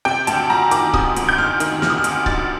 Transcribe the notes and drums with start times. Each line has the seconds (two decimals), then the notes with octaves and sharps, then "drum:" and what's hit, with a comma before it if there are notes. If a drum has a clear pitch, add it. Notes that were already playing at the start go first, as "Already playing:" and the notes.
0.05 C3 G5
0.27 D2 A5, drum: hi-hat
0.50 D2 A#5
0.71 D#3 D6, drum: hi-hat
0.94 C3 D#6, drum: kick C#1
1.16 D2, drum: hi-hat
1.29 G6
1.38 D2 F6
1.60 D#3, drum: hi-hat
1.82 C3 F6, drum: snare
1.90 D#6
1.98 F6
2.04 D2, drum: hi-hat
2.26 D2 A6, drum: kick C#1